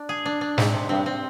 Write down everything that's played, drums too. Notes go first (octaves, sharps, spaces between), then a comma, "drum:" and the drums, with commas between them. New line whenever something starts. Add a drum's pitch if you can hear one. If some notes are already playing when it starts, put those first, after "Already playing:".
Already playing: D4
G#4
D4
D4
G#2 C4, drum: snare
C3
G2 C4
C4